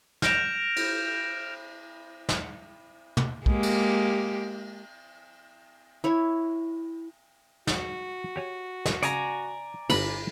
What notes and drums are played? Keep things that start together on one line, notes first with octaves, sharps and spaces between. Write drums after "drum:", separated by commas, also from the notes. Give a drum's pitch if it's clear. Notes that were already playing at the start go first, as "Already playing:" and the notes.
F6 G6 A#6 D7 E7 F7, drum: snare
drum: cymbal
drum: snare
drum: tom
G#3 A#3 G4, drum: kick
drum: cymbal
E4 C#5
D#4 F#4, drum: snare
G4 C#5 G#5
drum: snare
C#3 D5 G#5 A#5, drum: hi-hat
G1 B4 A5 B5, drum: cymbal